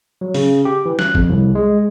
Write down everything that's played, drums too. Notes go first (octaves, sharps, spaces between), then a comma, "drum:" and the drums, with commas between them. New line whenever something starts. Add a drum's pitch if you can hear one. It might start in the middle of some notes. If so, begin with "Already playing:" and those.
F#3
C#3, drum: open hi-hat
G4
E3
F#6, drum: snare
F2, drum: kick
C2
G#3